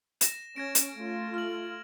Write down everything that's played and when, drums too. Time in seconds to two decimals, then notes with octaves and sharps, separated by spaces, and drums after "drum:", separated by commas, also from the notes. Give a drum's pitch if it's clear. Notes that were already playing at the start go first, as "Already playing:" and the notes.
0.21 A#6 E7, drum: hi-hat
0.56 C#4 G#6 A#6 D7
0.75 drum: hi-hat
0.95 A3 F4
1.34 F6 F#7